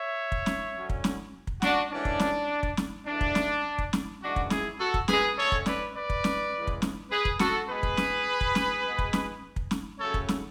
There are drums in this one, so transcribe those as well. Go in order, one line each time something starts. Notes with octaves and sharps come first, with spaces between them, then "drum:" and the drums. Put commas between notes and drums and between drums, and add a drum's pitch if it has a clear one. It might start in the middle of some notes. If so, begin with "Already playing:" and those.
Already playing: C#5 E5
drum: kick
drum: snare
D3 F#3 C#4
drum: kick
drum: snare
drum: kick
D4 F#4, drum: snare
G#2 E3 A3 C#4 D4
drum: kick
drum: snare
drum: kick
drum: snare
G#2 E3 A3 D4
drum: kick
drum: snare
drum: kick
drum: snare
F#2 E3 G#3 D4 F#4
drum: kick
E4 G#4, drum: snare
F#4 A4
drum: kick
G#4 B4, drum: snare
D3 A3 C#4 A4 C#5
drum: kick
B4 D5, drum: snare
B4 D5
drum: kick
drum: snare
C#3 E3 G#3
drum: kick
drum: snare
G#4 B4
drum: kick
F#4 A4, drum: snare
G#2 G#3 B3 G#4 B4
drum: kick
drum: snare
drum: kick
drum: snare
B2 G#3 B3
drum: kick
drum: snare
drum: kick
drum: snare
C#3 F#3 A3 C#4 A4 C#5
drum: kick
drum: snare